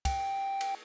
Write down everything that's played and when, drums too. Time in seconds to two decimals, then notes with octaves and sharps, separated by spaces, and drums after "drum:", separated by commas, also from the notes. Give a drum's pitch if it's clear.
0.05 G5, drum: kick, cymbal
0.61 drum: cymbal